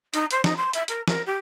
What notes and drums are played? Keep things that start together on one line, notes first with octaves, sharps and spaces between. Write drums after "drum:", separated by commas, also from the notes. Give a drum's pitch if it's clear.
D#4, drum: hi-hat
C5, drum: hi-hat
D#4, drum: snare
C6
E5, drum: hi-hat
A#4, drum: hi-hat
A#4, drum: snare
G4